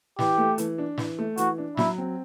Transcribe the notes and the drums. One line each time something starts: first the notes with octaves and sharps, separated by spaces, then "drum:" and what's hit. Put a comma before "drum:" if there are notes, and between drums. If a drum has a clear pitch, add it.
E3 G4, drum: snare
A3
E3, drum: hi-hat
D4
E3, drum: snare
A3
E3 F#4, drum: hi-hat
D4
F#3 E4, drum: snare
C4